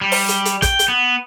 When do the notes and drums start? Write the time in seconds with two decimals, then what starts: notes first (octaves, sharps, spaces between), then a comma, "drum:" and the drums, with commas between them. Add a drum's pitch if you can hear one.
0.01 G3
0.12 drum: open hi-hat
0.29 drum: hi-hat
0.45 drum: hi-hat
0.62 G5, drum: kick, hi-hat
0.79 drum: hi-hat
0.88 B3